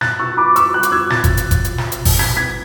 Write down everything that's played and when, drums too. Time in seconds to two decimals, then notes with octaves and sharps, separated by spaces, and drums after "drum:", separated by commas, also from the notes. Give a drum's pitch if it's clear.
0.01 F#6 A6, drum: snare
0.19 C#6 E6
0.37 B5 D6
0.56 C#6 E6, drum: hi-hat
0.74 D6 F#6
0.83 drum: hi-hat
0.92 E6 G#6
1.10 F#6 A6, drum: snare
1.24 drum: kick G1, hi-hat
1.37 drum: hi-hat
1.51 drum: kick G1, hi-hat
1.65 drum: hi-hat
1.78 drum: snare
1.92 drum: hi-hat
2.05 drum: kick G1, open hi-hat
2.19 G#6 B6, drum: snare
2.37 G#6 B6